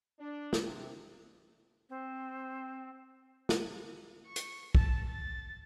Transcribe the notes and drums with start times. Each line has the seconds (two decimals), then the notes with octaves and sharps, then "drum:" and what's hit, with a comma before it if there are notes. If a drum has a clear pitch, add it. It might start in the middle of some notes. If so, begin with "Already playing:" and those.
0.19 D4
0.53 drum: snare
0.62 C3
1.89 C4
3.49 drum: snare
4.27 C#6
4.36 drum: hi-hat
4.75 A5, drum: kick
5.09 A6